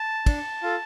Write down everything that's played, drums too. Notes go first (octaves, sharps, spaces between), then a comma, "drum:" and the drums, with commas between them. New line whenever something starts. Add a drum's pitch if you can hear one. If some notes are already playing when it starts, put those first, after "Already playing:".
Already playing: A5
D4, drum: kick, cymbal
F4 A4